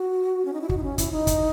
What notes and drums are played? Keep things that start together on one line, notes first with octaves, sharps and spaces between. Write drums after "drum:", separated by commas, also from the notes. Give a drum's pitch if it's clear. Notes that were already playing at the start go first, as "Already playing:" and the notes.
Already playing: F#4
C#4
D#4
E4
F#4, drum: kick
D#4
C#4
E4, drum: kick, hi-hat
D#4
drum: kick, hi-hat